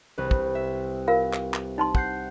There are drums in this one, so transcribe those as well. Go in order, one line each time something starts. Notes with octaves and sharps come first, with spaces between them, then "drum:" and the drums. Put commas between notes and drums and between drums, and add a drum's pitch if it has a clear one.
C2 B4
drum: kick
E5
F4 A#4 F5
drum: clap
drum: clap
D#4 A5 C6
F#5 G6 C7, drum: kick